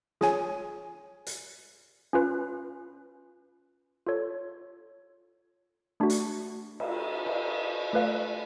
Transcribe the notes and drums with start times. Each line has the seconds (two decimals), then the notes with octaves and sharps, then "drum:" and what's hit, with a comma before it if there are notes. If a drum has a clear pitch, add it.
0.21 F4 G#4 C#5 G#5, drum: snare
1.27 drum: hi-hat
2.13 C#4 F4 B4
4.07 F4 A4 C#5
6.00 A3 D4 F#4
6.10 drum: hi-hat
6.80 drum: cymbal
7.26 drum: cymbal
7.93 A3 F4 B4 D5 F5